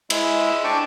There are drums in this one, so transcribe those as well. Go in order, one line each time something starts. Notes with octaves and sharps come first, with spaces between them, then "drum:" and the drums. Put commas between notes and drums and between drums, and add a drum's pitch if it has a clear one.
G#3 E4 E6, drum: cymbal
D4 G5 A5 C#6